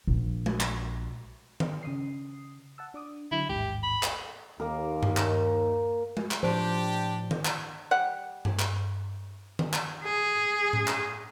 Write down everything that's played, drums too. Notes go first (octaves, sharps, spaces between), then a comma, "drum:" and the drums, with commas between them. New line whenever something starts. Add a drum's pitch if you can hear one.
A#1
drum: tom G#3
drum: clap
drum: tom D#3
C#3 D#6 C7
F#5 A5 E6
D4 D6 D#6
D3 F#3 E4
A1 D#2 G#2 G4
B5
drum: clap
D#2 A#3 A#4
drum: tom G2
drum: clap
drum: tom G#3
drum: clap
A2 F3 D4 G4 C5
drum: tom D#3
drum: clap
G3 F#5
drum: tom G2
drum: clap
drum: tom D#3
drum: clap
G#4
drum: tom A2
drum: clap